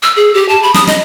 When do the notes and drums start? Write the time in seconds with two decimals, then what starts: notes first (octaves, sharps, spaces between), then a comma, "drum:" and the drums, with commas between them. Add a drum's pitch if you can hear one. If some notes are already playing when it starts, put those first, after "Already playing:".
0.03 E6
0.17 G#4
0.34 G4
0.49 A5
0.63 B5
0.74 D#6, drum: snare
0.87 D#5, drum: snare